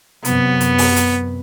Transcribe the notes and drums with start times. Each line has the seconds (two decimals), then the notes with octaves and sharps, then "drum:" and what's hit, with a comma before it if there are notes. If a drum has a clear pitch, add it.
0.25 F#2 C3 B3, drum: hi-hat
0.60 drum: hi-hat
0.78 drum: open hi-hat
0.96 drum: hi-hat